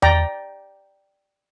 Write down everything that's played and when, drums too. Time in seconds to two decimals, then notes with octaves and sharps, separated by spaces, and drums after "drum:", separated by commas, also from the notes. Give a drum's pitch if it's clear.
0.02 D5 G5 A#5, drum: tom E2